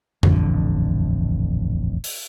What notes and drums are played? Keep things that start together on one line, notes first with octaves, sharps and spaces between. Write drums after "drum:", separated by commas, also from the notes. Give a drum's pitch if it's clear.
D#1 A1 F2 D3, drum: tom F2
drum: open hi-hat